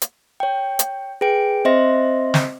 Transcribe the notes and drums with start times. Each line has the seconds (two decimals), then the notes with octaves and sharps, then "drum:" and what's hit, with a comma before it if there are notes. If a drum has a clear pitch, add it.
0.02 drum: hi-hat
0.40 C#5 G5
0.79 drum: hi-hat
1.21 G#4 B4 G5 D7
1.65 C4 C5 D#5 E5 C6 A#6
2.34 drum: snare